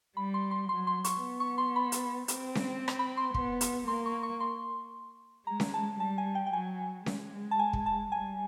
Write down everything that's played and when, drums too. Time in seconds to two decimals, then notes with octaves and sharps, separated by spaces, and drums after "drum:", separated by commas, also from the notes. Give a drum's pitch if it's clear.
0.16 G3 B5
0.34 C6
0.51 C6
0.69 F#3 C6
0.87 C6
1.04 C#6, drum: hi-hat
1.23 B3
1.40 C#6
1.58 C6
1.76 B5
1.92 drum: hi-hat
2.28 C4, drum: hi-hat
2.55 drum: snare C#4
2.88 drum: rim click
2.99 B5
3.17 C6
3.34 B3 C6, drum: kick
3.61 drum: hi-hat
3.88 A#3 C6
4.06 C#6
4.23 C#6
4.40 C6
5.47 G#3 A#5
5.60 drum: snare C#4
5.74 A5
5.99 G3 A5
6.18 G#5
6.35 G5
6.47 G5
6.53 F#3 G#5
7.06 G#3, drum: snare C#4
7.51 A5
7.59 G#5
7.73 drum: kick
7.86 A5
8.12 G3 G#5